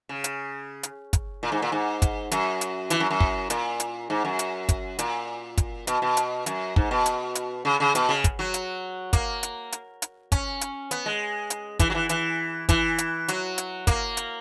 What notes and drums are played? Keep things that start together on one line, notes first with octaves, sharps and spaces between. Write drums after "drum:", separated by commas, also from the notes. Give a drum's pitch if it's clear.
C#3
drum: hi-hat
drum: hi-hat
drum: kick, hi-hat
A#2
G#2
A#2
G#2
drum: kick, hi-hat
F#2, drum: hi-hat
drum: hi-hat
E3, drum: hi-hat
F#2
F#2
drum: kick
A#2, drum: hi-hat
drum: hi-hat
G#2
F#2
drum: hi-hat
drum: kick, hi-hat
A#2, drum: hi-hat
drum: kick, hi-hat
B2, drum: hi-hat
B2
drum: hi-hat
F#2, drum: hi-hat
G#2, drum: kick
B2
drum: hi-hat
drum: hi-hat
C#3
C#3
B2, drum: hi-hat
C#3
drum: kick, hi-hat
F#3
drum: hi-hat
A#3, drum: kick, hi-hat
drum: hi-hat
drum: hi-hat
drum: hi-hat
C#4, drum: kick, hi-hat
drum: hi-hat
B3, drum: hi-hat
G#3
drum: hi-hat
E3, drum: kick, hi-hat
F#3
E3
E3, drum: hi-hat
E3, drum: kick, hi-hat
drum: hi-hat
F#3, drum: hi-hat
drum: hi-hat
A#3, drum: kick, hi-hat
drum: hi-hat